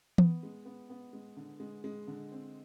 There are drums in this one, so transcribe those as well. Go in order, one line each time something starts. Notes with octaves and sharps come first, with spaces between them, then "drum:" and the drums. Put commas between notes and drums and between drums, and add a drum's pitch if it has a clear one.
B3, drum: tom E3
G#3
B3
B3
G#3
D3
G#3
G#3
D3
C4